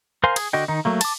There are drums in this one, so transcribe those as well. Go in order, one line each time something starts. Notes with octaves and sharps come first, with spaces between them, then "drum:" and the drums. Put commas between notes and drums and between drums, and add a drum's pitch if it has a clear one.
A#4 C5 F5 G#5 C6
G#4, drum: cymbal
D3 F#4 D#5 G5
D#3 D#4
F#3 A3 A#3
A5 D6, drum: cymbal